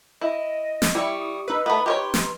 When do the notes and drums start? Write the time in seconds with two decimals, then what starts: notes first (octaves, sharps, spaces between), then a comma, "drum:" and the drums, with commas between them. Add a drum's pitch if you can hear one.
0.21 E4 D#5
0.82 drum: snare
0.95 G3 E4 C#6
1.20 D#6
1.48 D#4 B4 E6
1.66 A3 B3 B5
1.86 G4 A#4 C#5 C6
2.14 drum: snare